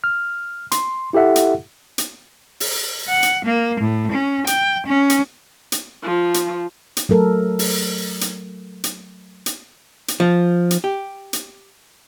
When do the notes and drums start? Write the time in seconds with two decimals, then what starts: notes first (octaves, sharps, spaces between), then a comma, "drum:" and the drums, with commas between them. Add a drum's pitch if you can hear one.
0.04 F6
0.72 C6, drum: hi-hat
1.13 E4 G4 A4 E5 F#5
1.36 drum: hi-hat
1.98 drum: hi-hat
2.60 drum: open hi-hat
3.08 F#5
3.23 drum: hi-hat
3.45 A#3
3.81 A2
4.12 C#4
4.47 G5, drum: hi-hat
4.87 C#4
5.10 drum: hi-hat
5.72 drum: hi-hat
6.03 F3
6.34 drum: hi-hat
6.97 drum: hi-hat
7.09 F#3 A3 A4 A#4
7.59 drum: open hi-hat
8.21 drum: hi-hat
8.84 drum: hi-hat
9.46 drum: hi-hat
10.08 drum: hi-hat
10.20 F3
10.71 drum: hi-hat
10.84 G4
11.33 drum: hi-hat